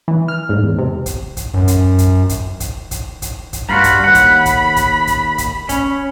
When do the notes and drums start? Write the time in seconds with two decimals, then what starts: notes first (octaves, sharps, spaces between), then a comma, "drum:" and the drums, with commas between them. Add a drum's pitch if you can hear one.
0.08 E3
0.28 F6
0.49 G#2
0.63 E2
0.79 C3
1.06 drum: kick, hi-hat
1.37 drum: kick, hi-hat
1.54 F#2
1.68 drum: kick, hi-hat
1.98 drum: kick, hi-hat
2.29 drum: kick, hi-hat
2.60 drum: kick, hi-hat
2.91 drum: kick, hi-hat
3.22 drum: kick, hi-hat
3.53 drum: kick, hi-hat
3.69 G2 F4 F#4 B5
3.84 drum: kick, hi-hat
4.04 D#2 F#5
4.15 drum: kick, hi-hat
4.46 drum: kick, hi-hat
4.76 drum: kick, hi-hat
5.07 drum: kick, hi-hat
5.38 drum: kick, hi-hat
5.69 C#4, drum: kick, hi-hat